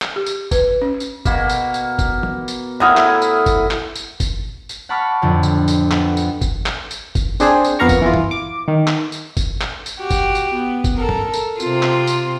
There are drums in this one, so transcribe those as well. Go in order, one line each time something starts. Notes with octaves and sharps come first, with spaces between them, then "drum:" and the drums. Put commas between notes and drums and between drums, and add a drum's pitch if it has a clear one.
drum: clap
G4
drum: tambourine
B4, drum: kick, tambourine
C#4
drum: tambourine
B2 A#3, drum: kick, tambourine
drum: tambourine
drum: tambourine
drum: kick, tambourine
drum: tom
drum: tambourine
A2 E4 A#4 F#5 D#6 F6
drum: clap
drum: tambourine
drum: kick, tambourine
drum: clap
drum: tambourine
drum: kick, tambourine
drum: tambourine
F#5 A5 B5 C#6 D6 F6
F2 A2 D3
drum: tambourine
drum: tambourine
B3, drum: clap
drum: tambourine
drum: kick, tambourine
drum: clap
drum: tambourine
drum: kick, tambourine
C4 D4 G#4 C5, drum: tambourine
drum: tambourine
F2 B3 A#4 F5 A#5 C#6
drum: kick, tambourine
E3 B3 F4
drum: tom
D6
D#3
drum: clap
drum: tambourine
drum: kick, tambourine
drum: clap
drum: tambourine
F#4 G4
drum: kick, tambourine
drum: tambourine
B3
drum: kick, tambourine
A4 A#4
drum: tom
drum: tambourine
C3 C4 F4, drum: tambourine
drum: clap
drum: tambourine